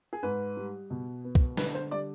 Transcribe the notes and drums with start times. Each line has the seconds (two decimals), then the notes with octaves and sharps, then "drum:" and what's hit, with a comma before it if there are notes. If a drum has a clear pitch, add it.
0.13 G#4
0.23 G#2 B4
0.57 G3
0.90 B2
1.24 B3
1.35 drum: kick
1.57 D3 B4, drum: snare
1.75 C5
1.91 G3 D5